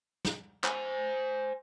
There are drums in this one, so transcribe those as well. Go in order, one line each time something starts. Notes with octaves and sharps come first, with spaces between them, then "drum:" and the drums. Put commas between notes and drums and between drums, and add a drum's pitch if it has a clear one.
drum: snare
C5 G#5, drum: clap